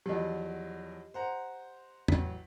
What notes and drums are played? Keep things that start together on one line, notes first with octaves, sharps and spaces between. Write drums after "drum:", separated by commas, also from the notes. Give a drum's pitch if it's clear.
E2 F3 F#3 G4 D#5
C5 F#5 A#5
A1 F#3 B6, drum: tom E2